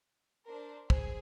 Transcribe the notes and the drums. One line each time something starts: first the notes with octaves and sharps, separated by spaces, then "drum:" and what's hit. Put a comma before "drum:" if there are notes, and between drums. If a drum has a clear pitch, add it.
D4 A#4 C5
G#4 C5, drum: kick